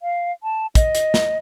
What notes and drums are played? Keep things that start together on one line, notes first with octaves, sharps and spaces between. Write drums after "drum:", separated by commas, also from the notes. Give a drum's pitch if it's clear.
F5
A5
D#5, drum: kick, hi-hat
drum: hi-hat
drum: snare